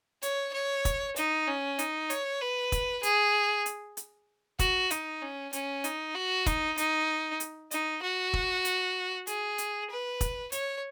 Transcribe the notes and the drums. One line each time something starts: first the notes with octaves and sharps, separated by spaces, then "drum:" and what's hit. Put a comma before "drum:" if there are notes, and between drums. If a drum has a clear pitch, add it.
C#5, drum: hi-hat
C#5
drum: kick, hi-hat
D#4, drum: hi-hat
C#4
D#4, drum: hi-hat
C#5, drum: hi-hat
B4
drum: kick, hi-hat
G#4, drum: hi-hat
drum: hi-hat
drum: hi-hat
F#4, drum: kick, hi-hat
D#4, drum: hi-hat
C#4
C#4, drum: hi-hat
D#4, drum: hi-hat
F#4
D#4, drum: kick, hi-hat
D#4, drum: hi-hat
drum: hi-hat
D#4, drum: hi-hat
F#4
drum: kick
drum: hi-hat
G#4, drum: hi-hat
drum: hi-hat
B4
drum: kick, hi-hat
C#5, drum: hi-hat